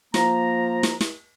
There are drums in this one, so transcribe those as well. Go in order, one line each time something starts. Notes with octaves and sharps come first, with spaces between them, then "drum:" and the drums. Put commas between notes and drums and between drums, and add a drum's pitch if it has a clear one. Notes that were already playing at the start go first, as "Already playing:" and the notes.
F3 A#3 A#5, drum: snare
drum: snare
drum: snare